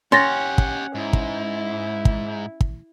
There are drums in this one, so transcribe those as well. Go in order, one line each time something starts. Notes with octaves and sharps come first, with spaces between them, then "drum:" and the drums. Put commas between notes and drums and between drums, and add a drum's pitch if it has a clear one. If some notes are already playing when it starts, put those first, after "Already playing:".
C#4 G4 C#5 F#5 C6 A6 A#6
drum: kick
G#2 E4
drum: kick
drum: kick
drum: kick